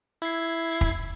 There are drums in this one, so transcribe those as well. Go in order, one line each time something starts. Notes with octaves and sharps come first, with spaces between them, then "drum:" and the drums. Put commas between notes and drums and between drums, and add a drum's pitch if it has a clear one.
E4 G#6 C7
drum: kick